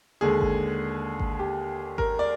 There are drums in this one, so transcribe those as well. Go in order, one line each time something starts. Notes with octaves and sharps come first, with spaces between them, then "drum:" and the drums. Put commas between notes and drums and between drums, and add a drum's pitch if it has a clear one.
D#2 D3 G#3 G#4
drum: kick G#1
drum: kick G#1
G4
A#4, drum: kick G#1
D5